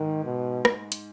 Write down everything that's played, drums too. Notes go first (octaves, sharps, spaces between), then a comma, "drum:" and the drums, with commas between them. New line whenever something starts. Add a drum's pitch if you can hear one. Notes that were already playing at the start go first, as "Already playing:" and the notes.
Already playing: G#2 D#3 G#3
B2
drum: rim click
drum: hi-hat